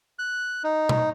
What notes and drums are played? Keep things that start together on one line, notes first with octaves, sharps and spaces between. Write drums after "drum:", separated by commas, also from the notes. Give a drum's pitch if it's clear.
F#6
D#4
drum: tom B2